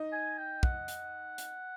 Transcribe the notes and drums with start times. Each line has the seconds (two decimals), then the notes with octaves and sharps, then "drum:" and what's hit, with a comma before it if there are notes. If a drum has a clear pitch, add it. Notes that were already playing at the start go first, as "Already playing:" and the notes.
Already playing: D#4 D#5
0.12 G#5
0.38 G5
0.63 F#5, drum: kick
0.88 drum: hi-hat
1.38 drum: hi-hat